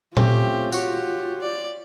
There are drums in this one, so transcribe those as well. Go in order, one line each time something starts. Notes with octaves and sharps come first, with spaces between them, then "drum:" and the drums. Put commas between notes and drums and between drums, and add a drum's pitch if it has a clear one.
A3 C4 C#4 F4 G4, drum: tom A#2
F#4 G4 C#5, drum: tambourine
D5